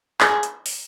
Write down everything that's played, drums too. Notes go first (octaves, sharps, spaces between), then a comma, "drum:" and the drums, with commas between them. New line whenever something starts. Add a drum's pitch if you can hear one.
G#4, drum: clap
drum: hi-hat
drum: open hi-hat